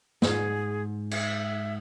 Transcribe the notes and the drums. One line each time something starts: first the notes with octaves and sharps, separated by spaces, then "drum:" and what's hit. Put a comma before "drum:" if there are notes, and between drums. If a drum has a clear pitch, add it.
G#2 G#4, drum: snare
E5, drum: cymbal